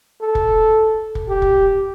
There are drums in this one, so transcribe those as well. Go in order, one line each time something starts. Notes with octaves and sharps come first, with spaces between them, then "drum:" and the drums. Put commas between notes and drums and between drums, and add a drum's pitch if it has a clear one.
A4
drum: kick
drum: kick
G4
drum: kick